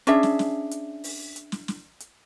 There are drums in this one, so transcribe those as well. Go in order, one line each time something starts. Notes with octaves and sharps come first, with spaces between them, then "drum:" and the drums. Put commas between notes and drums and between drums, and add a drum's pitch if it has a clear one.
C#4 D4 G#4 E5, drum: hi-hat
drum: snare
drum: snare
drum: hi-hat
drum: open hi-hat
drum: hi-hat
drum: snare
drum: snare
drum: hi-hat